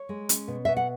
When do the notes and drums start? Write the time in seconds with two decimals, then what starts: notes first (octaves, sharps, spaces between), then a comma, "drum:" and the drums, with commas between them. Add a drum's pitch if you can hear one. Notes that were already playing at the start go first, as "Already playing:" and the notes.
Already playing: C#5
0.09 G#3
0.29 C#4, drum: hi-hat
0.48 B2
0.65 B2 E5
0.77 F#5